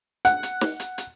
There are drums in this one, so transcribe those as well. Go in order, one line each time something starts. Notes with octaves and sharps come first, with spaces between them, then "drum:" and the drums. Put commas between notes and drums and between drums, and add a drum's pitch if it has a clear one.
F#5, drum: hi-hat
drum: hi-hat
drum: snare
drum: hi-hat
drum: hi-hat